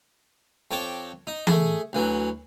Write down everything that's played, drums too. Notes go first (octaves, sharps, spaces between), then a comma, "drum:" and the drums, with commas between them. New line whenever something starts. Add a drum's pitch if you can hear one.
F2 C#5 G5 A5 D6
D#4
A3 G#4, drum: tom E3
D2 E3 F#3